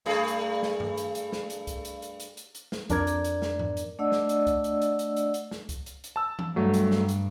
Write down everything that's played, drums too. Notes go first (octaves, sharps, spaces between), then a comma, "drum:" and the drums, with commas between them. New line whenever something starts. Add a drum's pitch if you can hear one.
G2 A3 G#4
drum: hi-hat
drum: snare
drum: tom
drum: hi-hat
drum: hi-hat
drum: snare
drum: hi-hat
drum: kick C2, hi-hat
drum: hi-hat
drum: hi-hat
drum: hi-hat
drum: hi-hat
drum: hi-hat
drum: snare
F2 D4 A#4 D5 G#6, drum: kick C2, hi-hat
drum: hi-hat
drum: hi-hat
drum: snare
drum: tom G#2
drum: hi-hat
A3 D4 D5 D#5 F#5 E6
drum: snare
drum: hi-hat
drum: kick C2, hi-hat
drum: hi-hat
drum: hi-hat
drum: hi-hat
drum: hi-hat
drum: hi-hat
drum: snare
drum: kick C2, hi-hat
drum: hi-hat
drum: hi-hat
A5 E6
drum: tom E3
G2 F#3 A3
drum: hi-hat
drum: snare
drum: hi-hat